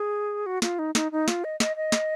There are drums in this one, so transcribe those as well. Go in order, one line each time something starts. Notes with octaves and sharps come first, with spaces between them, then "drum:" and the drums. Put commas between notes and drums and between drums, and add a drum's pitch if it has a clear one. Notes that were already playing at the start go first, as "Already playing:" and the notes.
Already playing: G#4
F#4
F4, drum: snare
D#4
D#4, drum: snare
D#4
F4, drum: snare
D#5
D#5, drum: snare
D#5
drum: snare